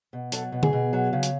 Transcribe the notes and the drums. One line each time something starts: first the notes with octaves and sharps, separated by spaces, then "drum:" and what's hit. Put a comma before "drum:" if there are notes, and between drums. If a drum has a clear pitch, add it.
B2
F#3 A4, drum: hi-hat
B2
G#4, drum: tom D3
B2
F#3
C#3
drum: hi-hat